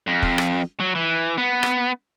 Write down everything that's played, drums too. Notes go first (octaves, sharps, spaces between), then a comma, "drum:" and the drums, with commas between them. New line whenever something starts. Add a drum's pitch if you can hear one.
F2
drum: kick
drum: rim click
F#3
E3
B3
drum: rim click